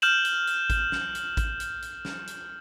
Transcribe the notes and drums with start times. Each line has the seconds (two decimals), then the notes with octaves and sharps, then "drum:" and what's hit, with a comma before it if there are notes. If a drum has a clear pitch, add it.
0.02 F6 G6 E7 F#7, drum: hi-hat
0.25 drum: hi-hat
0.47 drum: hi-hat
0.70 drum: kick G#1, hi-hat
0.92 drum: snare
1.15 drum: hi-hat
1.37 drum: kick G#1, hi-hat
1.60 drum: hi-hat
1.82 drum: hi-hat
2.05 drum: snare
2.27 drum: hi-hat